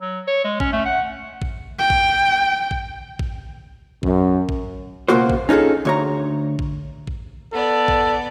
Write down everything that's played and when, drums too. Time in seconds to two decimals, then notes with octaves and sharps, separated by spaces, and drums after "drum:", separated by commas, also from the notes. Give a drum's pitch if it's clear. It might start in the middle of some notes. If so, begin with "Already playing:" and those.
0.01 F#3
0.28 C#5
0.45 G#3
0.60 C#4, drum: kick A1
0.73 A3
0.85 F#5
1.42 drum: kick A1
1.78 G5
1.90 drum: kick A1
2.71 drum: kick A1
3.19 drum: kick A1
4.03 F#2, drum: kick A1
4.49 drum: kick A1
5.08 C#2 B2 A#3 F4 F#4 C5
5.30 drum: kick A1
5.49 C#4 D#4 F4 G#4 A4
5.85 D2 C#5 A#5
6.59 drum: kick A1
7.07 drum: kick A1
7.54 B3 A4 D5
7.88 drum: kick A1